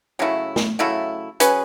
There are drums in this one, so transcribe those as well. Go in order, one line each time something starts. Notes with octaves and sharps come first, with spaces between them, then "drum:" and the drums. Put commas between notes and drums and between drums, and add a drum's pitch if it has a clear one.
C#3 F#3 A3 E4
drum: snare
C#3 F#3 A3 E4
F#3 C#4 G#4 B4, drum: hi-hat